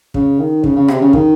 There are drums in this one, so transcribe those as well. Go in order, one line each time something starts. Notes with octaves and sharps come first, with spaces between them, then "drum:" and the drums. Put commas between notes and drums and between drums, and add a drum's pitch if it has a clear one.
C#3, drum: kick
D#3
C#3, drum: kick
C#3
C3, drum: rim click
C#3
D#3, drum: kick